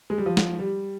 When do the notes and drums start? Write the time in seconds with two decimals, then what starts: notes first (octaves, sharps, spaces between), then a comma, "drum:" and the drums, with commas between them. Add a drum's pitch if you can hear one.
0.10 G#3
0.18 G3
0.26 F3
0.37 drum: snare
0.59 G3